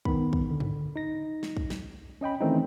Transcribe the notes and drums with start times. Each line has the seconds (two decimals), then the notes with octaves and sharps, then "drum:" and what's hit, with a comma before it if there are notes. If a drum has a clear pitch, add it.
0.05 D#3 B3 B5, drum: kick
0.33 drum: kick
0.51 D3
0.60 drum: tom G2
0.96 D#4 A#6
1.43 drum: snare
1.57 drum: kick
1.70 drum: snare
2.21 C#4 D#5 G5 B5
2.41 D#3 E3 A3 C4 C#4 D#4